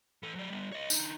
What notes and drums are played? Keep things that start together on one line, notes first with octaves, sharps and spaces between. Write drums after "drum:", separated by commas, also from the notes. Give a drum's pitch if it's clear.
E3 A4
F#3 D5
G3 B3
C#5 D#5
D3 D#4, drum: tambourine